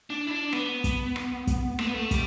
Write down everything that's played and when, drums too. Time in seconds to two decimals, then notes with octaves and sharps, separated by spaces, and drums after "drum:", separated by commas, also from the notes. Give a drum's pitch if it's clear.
0.10 D4
0.27 E4
0.31 D4
0.53 B3, drum: rim click
0.84 drum: kick, hi-hat
1.16 drum: rim click
1.47 drum: kick, hi-hat
1.79 A3, drum: rim click
1.87 B3
1.94 A3
2.11 G3, drum: kick, hi-hat